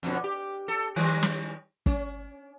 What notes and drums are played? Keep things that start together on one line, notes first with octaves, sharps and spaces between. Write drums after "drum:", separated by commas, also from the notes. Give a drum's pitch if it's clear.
F2 B2 D3
G4
A4
D#3 G3, drum: open hi-hat
drum: snare
C#4, drum: kick